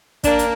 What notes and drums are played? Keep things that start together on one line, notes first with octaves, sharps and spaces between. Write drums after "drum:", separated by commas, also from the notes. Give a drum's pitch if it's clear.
A#3 D4, drum: kick, hi-hat
drum: hi-hat